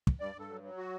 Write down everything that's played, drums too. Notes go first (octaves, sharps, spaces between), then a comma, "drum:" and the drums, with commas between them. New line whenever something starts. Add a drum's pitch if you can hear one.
drum: kick
G2 D5
G2 A4
F#3
F#3
F#4